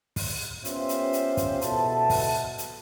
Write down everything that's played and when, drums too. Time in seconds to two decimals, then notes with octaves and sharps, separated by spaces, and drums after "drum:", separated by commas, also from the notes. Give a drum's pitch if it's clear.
0.16 drum: kick, open hi-hat
0.65 B3 C#4 F4 G4 C5 E5, drum: hi-hat
0.89 drum: hi-hat
1.13 drum: hi-hat
1.37 drum: kick, hi-hat
1.61 E2 B2 A4 E5 A5, drum: hi-hat
2.10 drum: kick, open hi-hat
2.58 drum: hi-hat